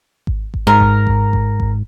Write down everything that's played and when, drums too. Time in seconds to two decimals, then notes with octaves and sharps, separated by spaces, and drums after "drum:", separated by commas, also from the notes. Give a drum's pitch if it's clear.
0.27 drum: kick G#1
0.54 drum: kick G#1
0.67 G#2 A#4
0.80 drum: kick G#1
1.07 drum: kick G#1
1.33 drum: kick G#1
1.60 drum: kick G#1